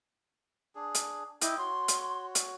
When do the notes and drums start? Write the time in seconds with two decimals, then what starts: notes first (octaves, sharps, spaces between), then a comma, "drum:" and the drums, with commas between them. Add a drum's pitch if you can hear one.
0.75 D4 G#4
0.95 drum: hi-hat
1.42 E4 D#5 G5 D6, drum: hi-hat
1.58 F#4 C#5 C6
1.88 drum: hi-hat
2.35 drum: hi-hat